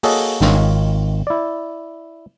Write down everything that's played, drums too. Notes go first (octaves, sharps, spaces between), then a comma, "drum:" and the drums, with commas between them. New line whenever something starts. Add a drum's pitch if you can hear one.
A#3 F#4 G#4 A4 C#5 D#5, drum: open hi-hat
G#1 D#3 F4 C#5, drum: snare
E4 D5